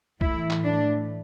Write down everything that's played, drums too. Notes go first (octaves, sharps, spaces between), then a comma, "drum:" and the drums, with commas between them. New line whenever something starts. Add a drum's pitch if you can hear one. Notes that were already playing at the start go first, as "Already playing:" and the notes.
A2 E3 A3 E4, drum: kick
drum: clap
D4